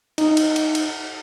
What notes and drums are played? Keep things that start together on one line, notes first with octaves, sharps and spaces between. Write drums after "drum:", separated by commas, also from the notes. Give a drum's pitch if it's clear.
D#4, drum: cymbal
drum: cymbal
drum: cymbal
drum: cymbal